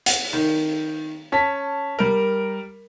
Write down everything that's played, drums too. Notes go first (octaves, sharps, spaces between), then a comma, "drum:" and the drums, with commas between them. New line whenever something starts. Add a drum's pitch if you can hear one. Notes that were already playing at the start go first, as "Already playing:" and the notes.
F#5, drum: hi-hat
D#3
C#4 A5 B6
G3 A#4